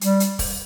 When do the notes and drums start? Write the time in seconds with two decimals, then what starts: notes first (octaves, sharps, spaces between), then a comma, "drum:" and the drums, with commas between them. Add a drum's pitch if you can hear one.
0.01 G3, drum: hi-hat
0.20 drum: hi-hat
0.39 drum: kick, open hi-hat